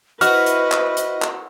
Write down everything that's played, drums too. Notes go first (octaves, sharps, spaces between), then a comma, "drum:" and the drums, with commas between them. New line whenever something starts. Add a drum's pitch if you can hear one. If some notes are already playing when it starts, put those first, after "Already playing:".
E4 F#4 B4 C5 D#5 F6, drum: hi-hat
drum: hi-hat
drum: clap
drum: hi-hat
drum: clap